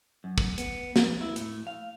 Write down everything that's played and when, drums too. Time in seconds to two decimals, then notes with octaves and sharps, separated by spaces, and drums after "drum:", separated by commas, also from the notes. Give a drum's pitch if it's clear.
0.24 F#2
0.38 drum: kick
0.58 B3, drum: hi-hat
0.96 F2, drum: snare
1.21 E4
1.36 A2, drum: hi-hat
1.67 F5